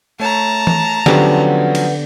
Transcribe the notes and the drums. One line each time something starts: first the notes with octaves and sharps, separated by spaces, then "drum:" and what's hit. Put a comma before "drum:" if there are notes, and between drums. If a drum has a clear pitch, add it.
A3 C#5 A5 A#5
drum: tom E3
D3 F3 F#3 B3 C#4 G4, drum: snare
drum: cymbal